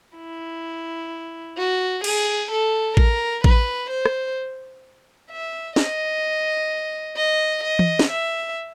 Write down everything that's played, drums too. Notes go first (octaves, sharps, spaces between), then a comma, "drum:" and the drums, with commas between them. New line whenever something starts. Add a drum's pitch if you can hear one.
E4
F#4
G#4, drum: cymbal
A4
A#4, drum: kick A1
B4, drum: kick A1
C5
drum: rim click
E5
D#5, drum: snare
D#5
D#5
drum: tom E3
drum: snare
E5